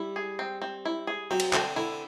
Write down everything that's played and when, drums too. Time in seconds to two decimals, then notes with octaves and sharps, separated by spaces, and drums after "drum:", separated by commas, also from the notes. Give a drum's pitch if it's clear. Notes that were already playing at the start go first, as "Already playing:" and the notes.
Already playing: G3 E4
0.16 G#4
0.39 C4
0.62 C4
0.85 E4
1.07 G#4
1.31 F#3 C4
1.40 drum: cymbal
1.53 D3 C4, drum: clap
1.76 D3 E4